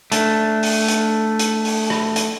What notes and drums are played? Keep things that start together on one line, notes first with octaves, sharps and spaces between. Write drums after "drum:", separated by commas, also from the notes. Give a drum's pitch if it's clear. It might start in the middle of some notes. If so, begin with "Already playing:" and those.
A3 D4, drum: hi-hat
drum: open hi-hat
drum: hi-hat
drum: hi-hat
drum: open hi-hat
drum: rim click
drum: hi-hat